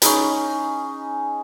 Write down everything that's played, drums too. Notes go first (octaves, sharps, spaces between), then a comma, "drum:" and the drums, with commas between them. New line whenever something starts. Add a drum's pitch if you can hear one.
C#4 D#4 G#4 B5, drum: hi-hat